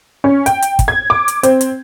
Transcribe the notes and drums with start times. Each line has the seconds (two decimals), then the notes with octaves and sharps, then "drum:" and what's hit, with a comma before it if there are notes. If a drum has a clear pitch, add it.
0.24 C#4
0.46 G5, drum: hi-hat
0.62 drum: hi-hat
0.79 drum: kick, hi-hat
0.88 G#6
1.10 D6
1.28 drum: hi-hat
1.43 C4, drum: hi-hat
1.61 drum: hi-hat